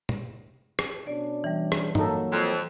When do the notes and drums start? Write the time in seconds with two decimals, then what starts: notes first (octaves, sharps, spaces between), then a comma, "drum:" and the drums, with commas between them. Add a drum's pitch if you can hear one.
0.09 drum: tom
0.79 drum: rim click
1.07 B2 C#4 D4 D5
1.44 E3 G3
1.72 drum: rim click
1.95 A#2 F#3 A#3 D#4 A4, drum: tom
2.32 F2